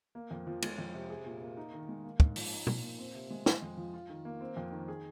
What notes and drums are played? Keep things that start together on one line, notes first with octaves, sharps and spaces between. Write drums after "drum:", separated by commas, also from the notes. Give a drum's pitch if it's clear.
A#3
F2
F3
G#3, drum: cymbal
F2
C3
G#4
A#2
A#3
D#4
D#3
G#3
A#3
G#2, drum: kick
F3, drum: open hi-hat
D#4
A#2, drum: tom
A#3
C4
C3
G#3
G#3, drum: snare
F2
F3
F4
D#3
A#3
C4
F2
D#3
G#4